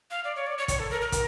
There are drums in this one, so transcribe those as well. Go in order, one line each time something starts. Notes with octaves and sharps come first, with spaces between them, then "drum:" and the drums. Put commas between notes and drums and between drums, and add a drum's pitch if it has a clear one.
F5
D5
C#5
D5
C#5
C#5, drum: kick, hi-hat
A4
A#4
A#4
drum: kick, hi-hat